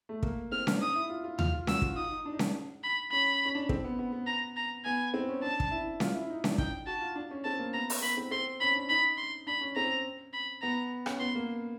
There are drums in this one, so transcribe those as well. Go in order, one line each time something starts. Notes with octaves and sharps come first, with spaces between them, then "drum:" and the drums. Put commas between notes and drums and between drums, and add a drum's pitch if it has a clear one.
A3
A#3, drum: kick
C4 F6
D4, drum: snare C#4
D#4 D#6
E4
F4
F4
F4 F6, drum: tom D#2
F4
F#4 E6, drum: snare C#4
F4, drum: kick
D#4 D#6
D#4
D4
D#4
D4, drum: snare C#4
B5
C#4 B5
C#4
D4
C4, drum: kick
B3
B3
B3
A#5
A#5
B3 G#5
C4
C#4
D4 A5
drum: kick
E4
F4, drum: snare C#4
E4
D#4
D4, drum: snare C#4
D#4 G5, drum: kick
F#4 A5
F4
D4
C#4
C4 A5
A#3
B3 A#5
drum: open hi-hat
B3 B5
C4
C4 C6
C#4 B5
D4
D#4 B5
C6
D4 B5
C#4
C4 A#5
B5
B3 A#5
C#4, drum: rim click
B3 C6
A#3